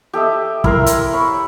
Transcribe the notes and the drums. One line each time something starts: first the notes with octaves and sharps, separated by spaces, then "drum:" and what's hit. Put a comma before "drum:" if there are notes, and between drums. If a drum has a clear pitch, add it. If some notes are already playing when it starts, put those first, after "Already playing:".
G4 A4 D#5 E5
E4 A#4 C6, drum: kick
drum: hi-hat
C#5 B5